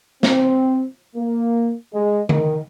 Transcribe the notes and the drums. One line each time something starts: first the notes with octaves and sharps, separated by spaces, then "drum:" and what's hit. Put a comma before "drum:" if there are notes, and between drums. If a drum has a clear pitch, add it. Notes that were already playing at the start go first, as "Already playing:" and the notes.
C4, drum: snare
A#3
G#3
D#3, drum: tom D3